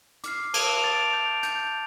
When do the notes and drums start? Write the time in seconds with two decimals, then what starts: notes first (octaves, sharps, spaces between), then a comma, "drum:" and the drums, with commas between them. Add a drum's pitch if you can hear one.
0.24 D6 F6 C7, drum: hi-hat
0.54 A5 F6 D7 F7, drum: cymbal
0.83 D6 A6 D7 F7
1.13 G6 D7 F7
1.43 G6 F7, drum: hi-hat